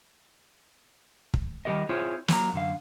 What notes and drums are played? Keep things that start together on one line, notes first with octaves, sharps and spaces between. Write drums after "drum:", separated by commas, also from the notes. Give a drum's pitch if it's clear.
drum: kick
D#3 G3 G#3 G4 A#4 D#5
C4 E4 F4 G#4 C5 C#5
F#3 A#3 A#5, drum: snare
F#2 D3 F5